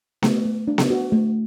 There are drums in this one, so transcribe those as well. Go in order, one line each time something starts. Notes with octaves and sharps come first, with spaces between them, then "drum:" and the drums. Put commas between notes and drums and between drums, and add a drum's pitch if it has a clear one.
A3, drum: snare B3
A3
D4
drum: snare B3
F#4
A3